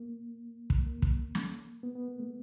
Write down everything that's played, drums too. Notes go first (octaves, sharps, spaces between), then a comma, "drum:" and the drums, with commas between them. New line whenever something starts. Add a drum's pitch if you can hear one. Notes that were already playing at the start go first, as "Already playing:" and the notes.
Already playing: A#3
drum: kick
A#3
drum: kick
drum: snare
B3
B3
A#3
A3